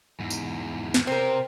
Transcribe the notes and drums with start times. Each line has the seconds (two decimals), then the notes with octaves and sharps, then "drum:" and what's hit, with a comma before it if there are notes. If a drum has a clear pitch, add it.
0.20 E2 G#2
0.30 drum: tambourine
0.94 drum: snare
1.07 C3 C4 A#4